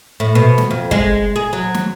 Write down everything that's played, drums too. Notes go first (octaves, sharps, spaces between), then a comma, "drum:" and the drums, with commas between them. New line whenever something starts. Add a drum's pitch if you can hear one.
A2
B2
drum: snare
F2
G#3, drum: kick
G#4
F#3
drum: snare